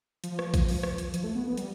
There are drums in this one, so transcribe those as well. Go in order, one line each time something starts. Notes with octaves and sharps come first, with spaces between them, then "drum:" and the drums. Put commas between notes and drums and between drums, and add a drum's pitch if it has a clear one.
F3, drum: hi-hat
drum: rim click
drum: kick A#1, hi-hat
drum: open hi-hat
drum: rim click
drum: hi-hat
F3, drum: hi-hat
A3
B3
B3
G3, drum: hi-hat